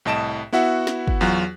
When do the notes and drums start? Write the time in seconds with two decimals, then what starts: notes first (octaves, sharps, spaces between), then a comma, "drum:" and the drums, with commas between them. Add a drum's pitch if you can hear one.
0.05 C2 A2 D#5 A5 D7 E7
0.53 B3 E4 F#4 E5 F#5
0.87 drum: snare
1.08 drum: kick
1.21 E2 F#3 F4 F#4 F#6